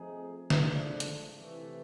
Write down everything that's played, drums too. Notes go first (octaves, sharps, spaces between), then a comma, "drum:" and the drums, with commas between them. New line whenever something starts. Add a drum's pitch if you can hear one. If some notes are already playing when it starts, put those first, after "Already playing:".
Already playing: F3 A3 C4 D#4 G#4
G#2 F3 A3 D4, drum: snare
drum: hi-hat
C3 E3 A3